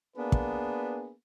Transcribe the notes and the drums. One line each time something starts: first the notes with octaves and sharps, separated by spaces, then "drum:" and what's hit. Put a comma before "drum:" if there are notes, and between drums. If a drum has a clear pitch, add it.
A#3 B3 D4 G#4 B4
drum: kick